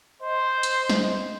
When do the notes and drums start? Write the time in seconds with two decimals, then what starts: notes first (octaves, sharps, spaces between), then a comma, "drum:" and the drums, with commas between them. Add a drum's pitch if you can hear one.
0.22 C5 D#5
0.63 drum: hi-hat
0.90 drum: snare